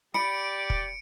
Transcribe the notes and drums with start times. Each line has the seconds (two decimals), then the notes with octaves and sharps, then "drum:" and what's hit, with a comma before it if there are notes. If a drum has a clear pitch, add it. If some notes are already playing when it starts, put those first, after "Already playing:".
0.14 G4 D5 B5 C#7 D7
0.70 drum: kick